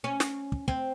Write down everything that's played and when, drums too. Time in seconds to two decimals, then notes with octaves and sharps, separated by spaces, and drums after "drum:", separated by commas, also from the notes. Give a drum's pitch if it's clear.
0.04 C#4
0.20 drum: snare
0.52 drum: kick
0.68 C4, drum: kick